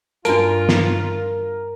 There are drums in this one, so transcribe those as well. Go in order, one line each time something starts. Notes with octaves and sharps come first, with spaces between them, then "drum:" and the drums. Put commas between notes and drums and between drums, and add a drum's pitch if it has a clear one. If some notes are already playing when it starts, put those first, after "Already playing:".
G2 D4 F4 F#4 A#4 A5 D7, drum: hi-hat
drum: snare